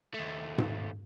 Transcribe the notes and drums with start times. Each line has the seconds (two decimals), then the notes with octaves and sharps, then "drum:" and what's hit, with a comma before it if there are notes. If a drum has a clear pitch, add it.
0.14 D#2 A3
0.58 drum: tom G#2